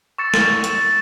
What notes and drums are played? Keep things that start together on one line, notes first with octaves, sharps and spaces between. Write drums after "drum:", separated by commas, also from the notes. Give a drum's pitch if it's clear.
C#6 E6 A6 C#7
drum: snare
drum: hi-hat